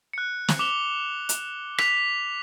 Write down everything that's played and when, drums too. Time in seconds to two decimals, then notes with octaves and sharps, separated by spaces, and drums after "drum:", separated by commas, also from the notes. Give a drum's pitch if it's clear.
0.13 F#6 C#7
0.48 drum: snare
0.59 D6 F7 G7
1.29 drum: hi-hat
1.78 B6 F7, drum: rim click